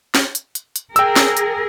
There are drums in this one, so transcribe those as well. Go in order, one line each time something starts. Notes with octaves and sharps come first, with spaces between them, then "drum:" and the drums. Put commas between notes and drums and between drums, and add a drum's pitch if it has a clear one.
drum: snare
drum: hi-hat
drum: hi-hat
drum: hi-hat
G#4 A#4 G5 E6, drum: hi-hat
drum: snare
drum: hi-hat